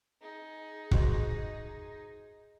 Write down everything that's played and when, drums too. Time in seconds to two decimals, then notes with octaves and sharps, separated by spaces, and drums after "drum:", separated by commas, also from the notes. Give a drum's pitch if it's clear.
0.21 D#4 G#4
0.91 F#4 C5 D#5, drum: kick